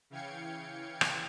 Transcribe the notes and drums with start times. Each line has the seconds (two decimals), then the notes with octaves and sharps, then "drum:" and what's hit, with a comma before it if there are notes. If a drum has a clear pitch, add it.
0.10 C#3 E3 F5 G5 G#6 C#7
1.01 drum: rim click